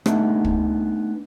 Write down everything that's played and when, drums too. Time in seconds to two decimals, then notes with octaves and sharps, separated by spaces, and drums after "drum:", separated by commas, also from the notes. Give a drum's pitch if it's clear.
0.06 A3 B3 D4 D#4, drum: rim click
0.45 drum: kick